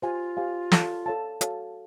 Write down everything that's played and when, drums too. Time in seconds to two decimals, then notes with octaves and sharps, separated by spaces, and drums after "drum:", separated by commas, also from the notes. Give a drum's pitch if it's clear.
0.02 F4 G4 C5 F5 G#5
0.37 G4 C5 F5 G#5
0.72 A4 C#5 F5 A5, drum: snare
1.06 A4 C#5 F5 A5
1.41 F#4 A4 C#5 F5 A5, drum: hi-hat